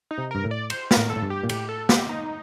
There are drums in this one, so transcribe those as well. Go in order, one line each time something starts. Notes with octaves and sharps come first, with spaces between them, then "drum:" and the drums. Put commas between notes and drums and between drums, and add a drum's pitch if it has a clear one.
D#4
C3
G2 A#4
A2
D5
C5, drum: cymbal
A#4, drum: snare
A2
A4
A2
G2
G4
A#2
A2 G4, drum: cymbal
A4
G4, drum: snare
D#4